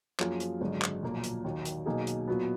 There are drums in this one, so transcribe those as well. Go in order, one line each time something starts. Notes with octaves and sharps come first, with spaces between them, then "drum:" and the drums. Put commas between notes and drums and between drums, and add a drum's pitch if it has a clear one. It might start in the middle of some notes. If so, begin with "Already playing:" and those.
F#2 F3 A#3 F4 G#4, drum: clap
drum: hi-hat
G#1 F#2 D3 G#3
drum: clap
B1 A#2 F3 A#3
drum: hi-hat
D#2 D#3 F#3
drum: hi-hat
B1 B2 A#3 D#4 G#4
drum: hi-hat
A#2 F#3 B3